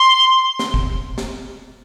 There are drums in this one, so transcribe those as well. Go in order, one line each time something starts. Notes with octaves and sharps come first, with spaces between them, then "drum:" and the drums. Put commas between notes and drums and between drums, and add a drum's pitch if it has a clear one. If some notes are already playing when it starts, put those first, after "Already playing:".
Already playing: C6
drum: snare
drum: kick
drum: snare